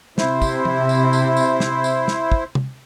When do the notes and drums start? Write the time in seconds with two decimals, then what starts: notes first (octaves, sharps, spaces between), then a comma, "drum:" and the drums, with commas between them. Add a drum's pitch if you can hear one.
0.18 C3 E4 C5, drum: snare
0.42 drum: kick, tambourine
0.65 drum: tom
0.89 drum: tambourine
1.13 drum: tambourine
1.37 drum: tambourine
1.60 drum: snare
1.84 drum: tambourine
2.08 drum: snare
2.32 drum: kick
2.55 drum: tom C3